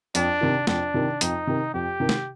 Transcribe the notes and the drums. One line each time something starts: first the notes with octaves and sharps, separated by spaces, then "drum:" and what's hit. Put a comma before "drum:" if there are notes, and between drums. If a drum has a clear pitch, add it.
F2 D4, drum: hi-hat
C3 D#3
F2 D4, drum: snare
C3 D#3
F2 D#4, drum: hi-hat
C3 D#3
F2 G4
C3 D#3
drum: snare